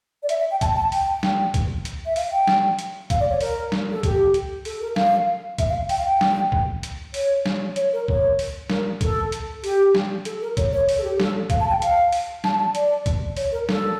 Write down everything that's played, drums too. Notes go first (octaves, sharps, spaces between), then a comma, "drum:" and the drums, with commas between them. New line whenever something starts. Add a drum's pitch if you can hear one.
D5
E5, drum: hi-hat
E5
G5
A5, drum: kick C2, hi-hat
A5
G5, drum: open hi-hat
drum: snare
drum: kick C2, hi-hat
drum: hi-hat
E5
F5, drum: open hi-hat
G5
drum: snare
drum: hi-hat
F5, drum: kick C2, hi-hat
D5
C#5
A#4, drum: open hi-hat
drum: snare
A4
G4, drum: kick C2, hi-hat
drum: hi-hat
A4, drum: open hi-hat
A#4
F5, drum: snare
E5, drum: kick C2, hi-hat
F5
G5, drum: open hi-hat
F5
G5
drum: snare
drum: kick C2
drum: hi-hat
C#5, drum: open hi-hat
drum: snare
C#5, drum: hi-hat
A#4
C#5, drum: kick C2
drum: open hi-hat
A#4, drum: snare
A4, drum: kick C2, hi-hat
drum: hi-hat
G4, drum: open hi-hat
drum: snare
A4, drum: hi-hat
A#4
C#5, drum: kick C2, hi-hat
C#5
C#5, drum: open hi-hat
A4
G4
A4, drum: snare
F5, drum: kick C2, hi-hat
A5
G5
F5, drum: hi-hat
drum: open hi-hat
A5, drum: snare
A5
D5, drum: hi-hat
drum: kick C2, hi-hat
C#5, drum: open hi-hat
A#4
A4, drum: snare